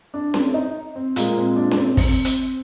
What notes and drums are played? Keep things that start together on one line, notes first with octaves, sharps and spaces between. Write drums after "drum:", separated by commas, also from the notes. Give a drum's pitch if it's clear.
D4
C4, drum: snare C#4
D#4
C4
A#2 G#3 A#3, drum: hi-hat
C4
D4
D4, drum: snare C#4
C4
C4, drum: kick, open hi-hat
C4, drum: hi-hat